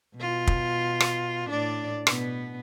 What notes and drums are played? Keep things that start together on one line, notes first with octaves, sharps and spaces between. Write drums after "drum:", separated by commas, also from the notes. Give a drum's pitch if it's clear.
B2 F4
drum: kick
drum: rim click
A2 D4 D5
B2 B3, drum: rim click